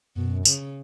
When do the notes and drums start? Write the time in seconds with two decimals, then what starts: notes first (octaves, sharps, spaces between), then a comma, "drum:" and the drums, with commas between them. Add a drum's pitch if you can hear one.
0.16 F#2 B2
0.45 C#3, drum: tambourine